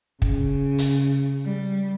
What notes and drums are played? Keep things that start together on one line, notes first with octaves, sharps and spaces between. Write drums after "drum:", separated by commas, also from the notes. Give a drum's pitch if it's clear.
C#3, drum: kick
drum: hi-hat
G3